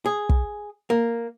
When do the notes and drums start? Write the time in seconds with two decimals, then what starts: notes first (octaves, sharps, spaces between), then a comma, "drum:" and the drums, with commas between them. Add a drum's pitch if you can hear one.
0.06 G#4
0.29 drum: kick
0.90 A#3